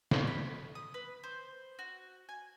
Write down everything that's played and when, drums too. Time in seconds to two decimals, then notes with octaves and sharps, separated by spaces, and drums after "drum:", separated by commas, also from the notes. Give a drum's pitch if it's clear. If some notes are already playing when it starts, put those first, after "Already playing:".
0.11 B4, drum: snare
0.27 B5
0.75 D#6
0.94 B4
1.24 C5
1.79 F#4
2.29 G#5